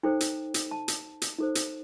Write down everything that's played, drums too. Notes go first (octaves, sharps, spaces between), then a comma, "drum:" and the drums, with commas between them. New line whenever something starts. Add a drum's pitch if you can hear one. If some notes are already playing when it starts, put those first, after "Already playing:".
D#4 A4 C5 G5
drum: hi-hat
drum: hi-hat
A5
drum: hi-hat
drum: hi-hat
D#4 A4 C5
drum: hi-hat